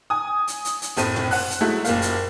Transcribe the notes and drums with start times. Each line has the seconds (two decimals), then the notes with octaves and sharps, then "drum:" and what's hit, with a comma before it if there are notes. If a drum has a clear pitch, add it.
0.10 G#5 D#6
0.47 drum: hi-hat
0.65 drum: hi-hat
0.82 drum: hi-hat
0.97 F#1 A2 A3 C4 D#7, drum: hi-hat
1.16 drum: tom A#2
1.31 C5 F#5 F#6, drum: open hi-hat
1.50 drum: hi-hat
1.61 F#3 G#3 A3 E4 F#4
1.85 F#1 A#2 A#3 F5, drum: hi-hat
2.02 drum: hi-hat